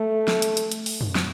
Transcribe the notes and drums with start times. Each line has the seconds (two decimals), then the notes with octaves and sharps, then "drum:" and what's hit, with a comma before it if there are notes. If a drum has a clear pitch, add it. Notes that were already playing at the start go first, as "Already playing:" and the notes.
Already playing: A3
0.28 drum: snare
0.42 drum: hi-hat
0.57 drum: hi-hat
0.72 drum: hi-hat
0.86 drum: open hi-hat
1.01 drum: tom
1.15 drum: snare